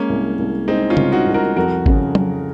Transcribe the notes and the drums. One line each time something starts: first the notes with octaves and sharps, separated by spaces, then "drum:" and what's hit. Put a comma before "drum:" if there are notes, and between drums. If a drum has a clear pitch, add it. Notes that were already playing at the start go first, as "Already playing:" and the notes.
Already playing: G#3 A#3 C#4
C2
C2
G#3 C4 D#4
C#4 F4
C2, drum: tom C#3
D#4 F#4
C2
F#4 A#4
F2 F#4 A#4
C#3, drum: kick G#1
drum: tom F#3